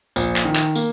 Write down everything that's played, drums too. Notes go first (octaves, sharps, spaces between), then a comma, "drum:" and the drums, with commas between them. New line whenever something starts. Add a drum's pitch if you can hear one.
A#1, drum: tambourine
drum: clap
D#3
drum: clap
A#3, drum: tambourine